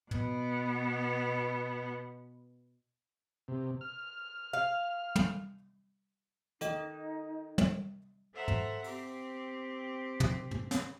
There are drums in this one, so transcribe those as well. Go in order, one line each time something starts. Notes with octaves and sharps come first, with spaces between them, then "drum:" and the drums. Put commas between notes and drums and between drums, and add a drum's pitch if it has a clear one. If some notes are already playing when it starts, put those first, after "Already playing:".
B2 B3, drum: tom
C3
F6
F5
drum: tom
D#3 D#4 A4 D#5, drum: hi-hat
drum: tom
A4 C5 E5 F#5 A#5
drum: tom
C4 G4, drum: open hi-hat
drum: tom
drum: tom
drum: snare